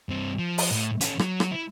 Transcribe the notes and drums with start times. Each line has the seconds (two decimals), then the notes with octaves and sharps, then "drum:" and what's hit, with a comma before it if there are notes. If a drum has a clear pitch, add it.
0.09 G2 C4
0.38 F3
0.58 drum: open hi-hat
0.71 A2
1.01 C#4 A4, drum: hi-hat
1.19 F#3, drum: rim click
1.40 drum: rim click
1.51 E4